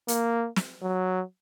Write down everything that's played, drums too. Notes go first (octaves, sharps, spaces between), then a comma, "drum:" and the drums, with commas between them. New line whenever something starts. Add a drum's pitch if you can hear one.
A#3, drum: hi-hat
drum: snare
F#3